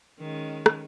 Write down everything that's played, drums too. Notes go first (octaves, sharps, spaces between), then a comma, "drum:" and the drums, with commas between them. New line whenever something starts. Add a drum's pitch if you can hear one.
D#3 G#3 C#4
drum: rim click